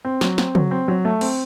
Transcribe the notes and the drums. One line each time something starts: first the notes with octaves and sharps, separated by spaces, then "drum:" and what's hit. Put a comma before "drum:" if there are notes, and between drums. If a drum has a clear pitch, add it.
C4
F#3, drum: snare
C4, drum: snare
F#3, drum: tom C#3
C4
F#3
A3
C4, drum: cymbal